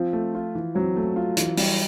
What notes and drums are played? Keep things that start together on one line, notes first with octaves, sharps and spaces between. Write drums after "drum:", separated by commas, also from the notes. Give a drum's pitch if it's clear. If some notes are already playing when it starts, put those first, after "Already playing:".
Already playing: F3 C4
A3
F4
E3
F#3 C4
A3
F4
E3, drum: hi-hat
G3, drum: open hi-hat